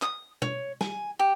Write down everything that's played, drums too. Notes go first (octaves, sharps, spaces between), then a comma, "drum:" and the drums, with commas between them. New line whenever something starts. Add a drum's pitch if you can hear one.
D#6, drum: clap
C#5, drum: tom B2
G#5, drum: snare
G4